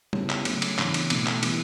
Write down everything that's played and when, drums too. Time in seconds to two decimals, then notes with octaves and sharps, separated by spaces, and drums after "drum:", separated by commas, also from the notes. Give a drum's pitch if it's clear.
0.13 C#3 G3 B3 E4, drum: tom
0.30 drum: clap
0.45 C#3 F#3 A3, drum: cymbal
0.62 drum: cymbal
0.79 C#3 E3 B3 D4, drum: clap
0.94 drum: cymbal
1.10 B2 A3 E4, drum: cymbal
1.27 drum: clap
1.43 E3 G3 B3 E4, drum: cymbal